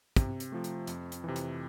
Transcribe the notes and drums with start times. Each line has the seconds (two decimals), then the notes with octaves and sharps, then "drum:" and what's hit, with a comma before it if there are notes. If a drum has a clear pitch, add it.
0.16 C3, drum: kick, hi-hat
0.40 drum: hi-hat
0.52 F3 A3
0.64 drum: hi-hat
0.87 F2, drum: hi-hat
1.12 drum: hi-hat
1.24 C3 E3
1.36 drum: hi-hat